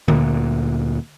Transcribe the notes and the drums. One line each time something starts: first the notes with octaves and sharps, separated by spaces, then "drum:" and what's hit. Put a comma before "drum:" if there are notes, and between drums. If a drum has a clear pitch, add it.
D2 A#2, drum: tom D3